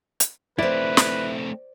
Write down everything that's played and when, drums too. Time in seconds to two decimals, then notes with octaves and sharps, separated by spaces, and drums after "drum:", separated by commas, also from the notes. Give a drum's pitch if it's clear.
0.20 drum: hi-hat
0.59 A3 C4 E4 B4 C5 D5
0.97 drum: snare